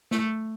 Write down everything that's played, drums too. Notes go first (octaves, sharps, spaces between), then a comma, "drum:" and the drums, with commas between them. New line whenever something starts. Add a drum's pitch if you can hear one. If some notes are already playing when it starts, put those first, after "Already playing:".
A3, drum: snare